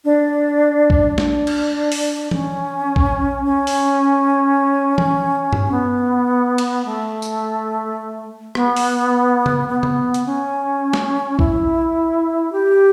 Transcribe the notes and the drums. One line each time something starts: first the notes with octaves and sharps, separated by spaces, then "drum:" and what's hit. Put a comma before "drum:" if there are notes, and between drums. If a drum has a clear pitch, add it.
D4
drum: kick A#1
D4, drum: snare
drum: cymbal
drum: open hi-hat
C#4, drum: tom E3
drum: kick A#1
C#4
drum: open hi-hat
drum: tom E3
drum: tom G2
B3
drum: cymbal
A3
drum: tambourine
B3, drum: rim click
drum: open hi-hat
drum: tom C#3
B3
drum: tom C#3
drum: hi-hat
C#4
drum: snare
E4, drum: kick A#1
G4